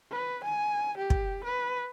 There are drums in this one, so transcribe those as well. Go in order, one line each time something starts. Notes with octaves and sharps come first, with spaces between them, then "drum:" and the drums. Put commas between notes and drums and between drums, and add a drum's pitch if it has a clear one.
B4
G#5
G4
drum: kick
B4